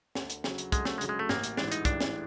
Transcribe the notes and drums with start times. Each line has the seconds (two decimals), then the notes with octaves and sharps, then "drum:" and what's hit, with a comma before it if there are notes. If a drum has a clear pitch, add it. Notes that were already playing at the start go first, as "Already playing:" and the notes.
0.15 D2, drum: snare
0.30 drum: hi-hat
0.44 C#3 F#3, drum: snare
0.58 drum: hi-hat
0.72 D2 G#3, drum: kick, hi-hat
0.85 A3, drum: snare
0.98 G#3
1.01 C#3 F#3, drum: hi-hat
1.09 G#3
1.19 A3
1.29 A1 A#3, drum: snare
1.44 drum: hi-hat
1.57 G#2 E3 D4, drum: snare
1.72 D#4, drum: hi-hat
1.85 A1 D4, drum: kick, hi-hat
2.00 drum: snare